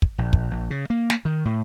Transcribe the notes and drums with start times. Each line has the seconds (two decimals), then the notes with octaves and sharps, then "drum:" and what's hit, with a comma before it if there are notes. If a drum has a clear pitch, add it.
0.02 drum: kick
0.18 A#1
0.33 drum: kick
0.51 A#1
0.70 C#3
0.90 A#3
1.10 drum: snare
1.25 D#3
1.45 A2